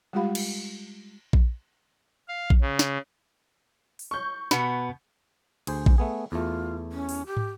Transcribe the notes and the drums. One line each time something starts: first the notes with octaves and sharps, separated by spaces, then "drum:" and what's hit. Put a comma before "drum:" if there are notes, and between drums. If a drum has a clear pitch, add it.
G3 G#3 F4 G4 F5 B5
drum: cymbal
drum: kick A#1
F5
drum: kick A#1
C#3
drum: snare
drum: open hi-hat
C#6 G6
B2 B3 B5, drum: snare
D2 G#4 C5, drum: cymbal
drum: kick A#1
A3 B3 G#4
E2 A3 F4
C#4
drum: open hi-hat
G4
drum: tom